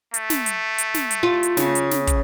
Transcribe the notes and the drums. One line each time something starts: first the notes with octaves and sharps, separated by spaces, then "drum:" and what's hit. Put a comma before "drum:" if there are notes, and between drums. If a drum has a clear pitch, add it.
A3, drum: hi-hat
drum: snare
drum: hi-hat
drum: hi-hat
drum: snare
drum: hi-hat
F4
drum: hi-hat
C#3, drum: snare
drum: hi-hat
drum: snare
drum: kick, hi-hat